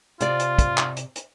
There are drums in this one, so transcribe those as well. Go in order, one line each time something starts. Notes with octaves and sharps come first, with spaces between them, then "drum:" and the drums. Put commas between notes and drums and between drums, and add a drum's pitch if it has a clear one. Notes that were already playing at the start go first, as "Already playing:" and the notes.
C3 F4 D5, drum: hi-hat
drum: hi-hat
drum: kick, hi-hat
drum: clap
drum: hi-hat
drum: hi-hat